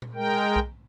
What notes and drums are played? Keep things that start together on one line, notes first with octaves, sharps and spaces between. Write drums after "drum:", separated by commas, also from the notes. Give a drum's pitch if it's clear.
drum: tom A#2
G#3 A#4 G5
drum: kick B1